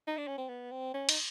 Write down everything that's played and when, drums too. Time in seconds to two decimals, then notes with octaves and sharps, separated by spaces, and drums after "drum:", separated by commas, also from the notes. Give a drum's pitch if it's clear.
0.07 D#4
0.17 D4
0.28 C#4
0.38 C4
0.48 B3
0.71 C4
0.94 C#4
1.09 D#4, drum: cymbal